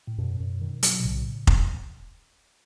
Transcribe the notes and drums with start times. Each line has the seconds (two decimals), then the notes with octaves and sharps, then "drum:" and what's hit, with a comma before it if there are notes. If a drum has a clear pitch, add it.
0.07 A2
0.18 F#2 B2
0.40 F#2
0.61 D#3
0.83 F#3, drum: hi-hat
0.99 B2
1.04 B1 A2 C#3
1.47 drum: kick F1